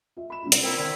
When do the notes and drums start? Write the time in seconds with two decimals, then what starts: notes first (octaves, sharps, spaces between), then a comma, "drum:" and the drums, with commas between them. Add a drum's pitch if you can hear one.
0.17 F4 E5
0.30 B5 E7
0.43 C3 D4 F4
0.52 drum: hi-hat
0.63 A#3 C4 E4 C5 G5
0.76 A#2 D#3 E4